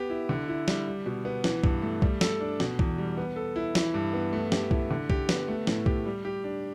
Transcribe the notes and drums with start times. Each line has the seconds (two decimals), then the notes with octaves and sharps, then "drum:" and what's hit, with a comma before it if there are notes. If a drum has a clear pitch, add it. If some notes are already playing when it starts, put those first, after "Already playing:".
Already playing: B3 G4
0.10 E4
0.29 D3
0.48 E4
0.68 G3, drum: snare
0.87 G3
1.06 B2
1.25 B3
1.44 E3, drum: snare
1.64 G2, drum: kick B1
1.82 A3
2.02 G3, drum: kick B1
2.21 A4, drum: snare
2.41 D4
2.60 B2, drum: snare
2.79 E2, drum: kick B1
2.98 G3
3.17 B3
3.36 A4
3.56 E4
3.75 E3, drum: snare
3.94 G2
4.13 B3
4.33 A3
4.52 G4, drum: snare
4.71 E4, drum: kick B1
4.91 D3
5.10 G4, drum: kick B1
5.29 B3, drum: snare
5.48 A3
5.67 A2, drum: snare
5.86 G4, drum: kick B1
6.05 G3
6.25 G4
6.44 D4